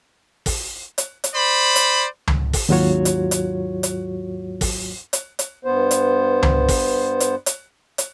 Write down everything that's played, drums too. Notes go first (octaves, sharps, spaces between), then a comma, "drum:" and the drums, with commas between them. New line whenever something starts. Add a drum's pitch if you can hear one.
drum: kick, open hi-hat
drum: hi-hat
drum: hi-hat
C5 D5 B5
drum: hi-hat
drum: tom C#2
drum: kick, open hi-hat
D#2 G#2 F#3 F4 F#4 C#5
drum: hi-hat
drum: hi-hat
drum: hi-hat
drum: kick, open hi-hat
drum: hi-hat
drum: hi-hat
G2 B3 C5
drum: hi-hat
drum: tom C#2
drum: kick, open hi-hat
drum: hi-hat
drum: hi-hat
drum: hi-hat